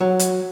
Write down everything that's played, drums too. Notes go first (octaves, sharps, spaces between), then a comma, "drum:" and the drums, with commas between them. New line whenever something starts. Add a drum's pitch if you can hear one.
F#3
drum: hi-hat